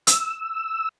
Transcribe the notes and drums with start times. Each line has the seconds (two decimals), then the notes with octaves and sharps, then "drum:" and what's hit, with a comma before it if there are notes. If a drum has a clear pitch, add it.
0.07 E6, drum: hi-hat